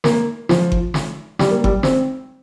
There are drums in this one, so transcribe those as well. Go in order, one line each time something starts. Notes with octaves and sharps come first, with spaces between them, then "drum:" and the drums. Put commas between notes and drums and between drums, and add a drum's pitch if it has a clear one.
A#3, drum: snare
F3, drum: snare
drum: kick G1
drum: snare
G3, drum: snare
A#3
G3, drum: kick G1
C4, drum: snare